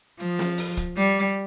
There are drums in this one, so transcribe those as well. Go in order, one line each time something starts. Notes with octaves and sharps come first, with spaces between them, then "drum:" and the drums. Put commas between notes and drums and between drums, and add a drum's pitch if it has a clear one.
F3, drum: hi-hat
drum: snare
drum: open hi-hat
drum: kick
G3, drum: hi-hat